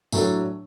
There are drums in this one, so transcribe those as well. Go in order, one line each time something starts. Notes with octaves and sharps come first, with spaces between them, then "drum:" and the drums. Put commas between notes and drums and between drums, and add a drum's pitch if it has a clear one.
A2 F#3 A3 D4 A4, drum: tambourine